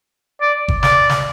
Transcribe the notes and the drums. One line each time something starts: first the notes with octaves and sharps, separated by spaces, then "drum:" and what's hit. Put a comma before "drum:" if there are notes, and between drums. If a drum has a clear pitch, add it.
D5
drum: kick G1
D5, drum: snare
drum: snare